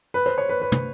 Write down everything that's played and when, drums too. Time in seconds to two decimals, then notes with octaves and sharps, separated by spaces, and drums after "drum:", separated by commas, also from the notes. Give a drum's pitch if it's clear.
0.14 B4
0.26 C5
0.38 C#5
0.49 B4
0.62 B4
0.72 drum: tom